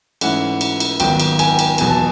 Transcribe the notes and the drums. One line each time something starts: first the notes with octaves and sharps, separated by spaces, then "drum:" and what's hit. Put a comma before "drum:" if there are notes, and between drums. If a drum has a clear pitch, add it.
G#2 E3 A3 C#4 E4 F#5, drum: cymbal
drum: cymbal
drum: cymbal
G#1 G#2 D#3 F#3 B3 G5, drum: cymbal
drum: cymbal
G#5, drum: cymbal
drum: cymbal
E2 B2 F#3 G#5, drum: cymbal
A5